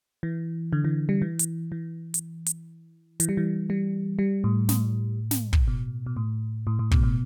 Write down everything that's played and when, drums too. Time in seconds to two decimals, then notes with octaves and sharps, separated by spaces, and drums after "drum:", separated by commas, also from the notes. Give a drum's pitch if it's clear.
0.23 E3
0.73 D3
0.85 E3
1.09 G3
1.22 E3
1.39 drum: hi-hat
1.72 E3
2.14 drum: hi-hat
2.46 drum: hi-hat
3.20 E3, drum: hi-hat
3.29 G3
3.37 E3
3.70 G3
4.19 G3
4.44 A2
4.69 A2, drum: snare
5.31 drum: snare
5.53 drum: kick
5.68 B2
6.06 B2
6.16 A2
6.67 A2
6.79 A2
6.91 B2, drum: kick
7.03 B2